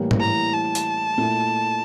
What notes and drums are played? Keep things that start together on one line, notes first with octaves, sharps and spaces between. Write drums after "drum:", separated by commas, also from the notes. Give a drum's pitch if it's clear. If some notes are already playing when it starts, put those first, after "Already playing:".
Already playing: A2 E3 G3 A#3
drum: tom G#2
A#5
A5
drum: hi-hat
A#2 A3 E4